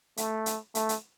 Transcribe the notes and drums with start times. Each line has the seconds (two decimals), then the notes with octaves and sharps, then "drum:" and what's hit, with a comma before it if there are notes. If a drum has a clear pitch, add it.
0.17 A3, drum: hi-hat
0.46 drum: hi-hat
0.75 A3, drum: hi-hat
0.89 drum: hi-hat